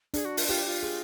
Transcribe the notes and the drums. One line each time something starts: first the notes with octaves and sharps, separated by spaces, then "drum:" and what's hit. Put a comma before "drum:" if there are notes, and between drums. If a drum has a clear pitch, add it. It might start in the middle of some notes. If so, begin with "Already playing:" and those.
D4 G#4, drum: hi-hat
F#4
F4, drum: open hi-hat
F4 G4
F4
G#4